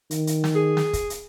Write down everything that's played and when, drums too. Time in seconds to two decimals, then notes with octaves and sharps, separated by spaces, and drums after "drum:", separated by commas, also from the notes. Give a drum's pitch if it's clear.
0.11 D#3, drum: hi-hat
0.27 drum: hi-hat
0.44 drum: snare
0.55 G#4
0.77 drum: snare
0.93 drum: kick, hi-hat
1.10 drum: hi-hat